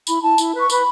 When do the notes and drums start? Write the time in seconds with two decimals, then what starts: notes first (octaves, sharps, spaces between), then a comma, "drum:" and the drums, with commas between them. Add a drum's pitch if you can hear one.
0.07 E4 B5, drum: tambourine
0.23 E4 A5
0.38 E4, drum: tambourine
0.54 B4
0.59 C#6
0.70 B4 B5, drum: tambourine